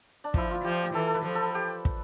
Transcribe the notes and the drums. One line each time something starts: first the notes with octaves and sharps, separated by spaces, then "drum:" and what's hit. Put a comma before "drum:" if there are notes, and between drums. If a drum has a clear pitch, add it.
D4
F3 E4, drum: kick
F4
F3 G4
G4
E3 A4
A4
B4
F3
A4
G4
drum: kick